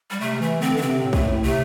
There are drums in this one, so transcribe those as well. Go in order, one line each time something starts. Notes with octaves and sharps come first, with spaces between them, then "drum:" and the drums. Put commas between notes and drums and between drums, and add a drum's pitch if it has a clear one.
G3
C3 A3
E3 A3
D3 C4
D3
D4
C3 C4
A2
A3, drum: kick A#1
A2
C3 A3